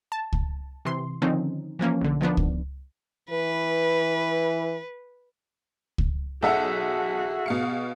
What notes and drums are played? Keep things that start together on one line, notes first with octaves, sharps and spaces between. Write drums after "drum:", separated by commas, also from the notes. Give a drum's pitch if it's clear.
A5
drum: kick C#2
C3 E3 C6
D3 D#3 F3 C4 C#4 D#4
E3 F3 A#3 C#4
B1 D3
D#3 F3 B3 D4
drum: kick C#2
E3 B4
drum: kick C#2
B1 F#4 G#4 A4 E5 F#5
B2 F5 C#7